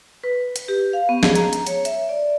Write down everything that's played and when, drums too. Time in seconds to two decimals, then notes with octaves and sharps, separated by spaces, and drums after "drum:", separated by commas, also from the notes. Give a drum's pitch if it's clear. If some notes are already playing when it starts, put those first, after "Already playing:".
0.24 B4
0.56 drum: hi-hat
0.68 G4
0.93 F5
1.09 B3
1.23 G#4, drum: snare
1.35 A#5, drum: hi-hat
1.53 drum: hi-hat
1.67 C#5, drum: hi-hat
1.85 E5, drum: hi-hat
2.09 D5